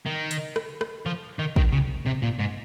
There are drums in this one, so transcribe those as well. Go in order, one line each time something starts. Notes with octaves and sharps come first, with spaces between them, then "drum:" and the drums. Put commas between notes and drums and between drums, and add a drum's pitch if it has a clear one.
D#3
drum: hi-hat
drum: rim click
drum: rim click
F3
D#3
D#3, drum: kick
C#3
C3
A#2
G#2